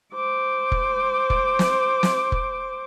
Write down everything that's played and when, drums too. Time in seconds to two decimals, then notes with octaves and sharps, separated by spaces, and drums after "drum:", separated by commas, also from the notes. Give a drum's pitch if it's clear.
0.13 C5 D6
0.72 drum: kick F1
1.30 drum: kick F1
1.59 drum: snare
2.03 drum: snare
2.32 drum: kick F1